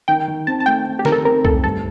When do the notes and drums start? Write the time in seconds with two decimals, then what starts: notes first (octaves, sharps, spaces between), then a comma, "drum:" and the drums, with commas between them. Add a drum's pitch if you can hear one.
0.08 D#3 G5
0.28 D#3
0.47 C4 A5
0.60 A5
0.66 A3 G5
0.87 D#3
0.99 G4
1.05 D#3 A#4, drum: snare
1.12 A4
1.25 C4 A#4
1.45 A3 A4, drum: kick
1.64 G2 A4